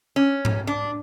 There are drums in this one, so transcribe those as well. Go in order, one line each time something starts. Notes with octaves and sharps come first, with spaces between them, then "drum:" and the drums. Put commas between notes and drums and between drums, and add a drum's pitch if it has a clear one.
C#4
drum: tom G#2
D4